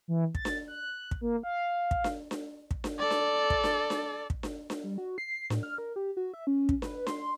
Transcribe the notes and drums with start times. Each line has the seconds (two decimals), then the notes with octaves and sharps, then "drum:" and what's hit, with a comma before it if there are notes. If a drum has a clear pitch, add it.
0.08 E3
0.35 A6, drum: kick
0.45 drum: snare D4
0.68 F#6
1.11 drum: kick
1.21 A#3
1.43 F5
1.91 drum: kick
2.04 drum: snare D4
2.31 drum: snare D4
2.71 drum: kick
2.84 drum: snare D4
2.99 A4 D5
3.10 drum: snare D4
3.50 drum: kick
3.64 drum: snare D4
3.90 drum: snare D4
4.30 drum: kick
4.43 drum: snare D4
4.70 drum: snare D4
4.84 G3
4.98 F#4
5.18 C7
5.50 A2, drum: snare D4
5.63 F6
5.78 A#4
5.96 G4
6.17 F#4
6.34 E5
6.47 C#4
6.69 drum: kick
6.82 B4, drum: snare D4
7.07 C6, drum: snare D4